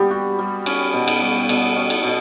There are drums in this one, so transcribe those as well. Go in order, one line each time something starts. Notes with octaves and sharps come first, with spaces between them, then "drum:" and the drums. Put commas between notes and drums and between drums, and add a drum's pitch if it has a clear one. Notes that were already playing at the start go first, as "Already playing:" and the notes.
Already playing: G3 B3 G4
F#4
G3
C#4, drum: cymbal
B2
drum: cymbal
G3
B2, drum: cymbal
C#4
drum: cymbal
B2